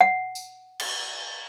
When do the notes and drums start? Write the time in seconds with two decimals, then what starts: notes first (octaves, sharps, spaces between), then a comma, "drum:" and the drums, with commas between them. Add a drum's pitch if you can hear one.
0.01 F#5
0.35 drum: tambourine
0.80 drum: cymbal